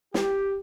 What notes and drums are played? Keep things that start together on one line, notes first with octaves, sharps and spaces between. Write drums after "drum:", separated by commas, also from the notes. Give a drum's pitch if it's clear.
G4, drum: snare